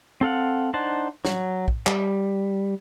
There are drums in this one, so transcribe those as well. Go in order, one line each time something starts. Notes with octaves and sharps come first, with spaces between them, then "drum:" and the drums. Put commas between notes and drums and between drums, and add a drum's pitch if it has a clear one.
C4 A4 F5 F#5
D4 D#4 C5 F#5 A5
F#3, drum: snare
drum: kick
G3, drum: clap